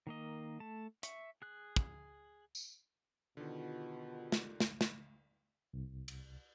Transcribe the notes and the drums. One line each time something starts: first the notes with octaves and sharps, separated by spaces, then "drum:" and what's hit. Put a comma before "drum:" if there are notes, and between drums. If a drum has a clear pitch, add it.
D#3 A#3 D#5
A3 A5
E5 C#6, drum: hi-hat
G#4 F#6
drum: kick
drum: tambourine
B2 D3 D#3 F4 G4
drum: snare
drum: snare
drum: snare
C2
drum: cymbal